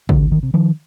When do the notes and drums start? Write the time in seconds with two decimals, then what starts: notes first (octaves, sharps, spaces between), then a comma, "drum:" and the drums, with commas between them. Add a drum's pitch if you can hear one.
0.09 D2 D3, drum: kick
0.32 D#3
0.43 C3
0.54 D#3 F3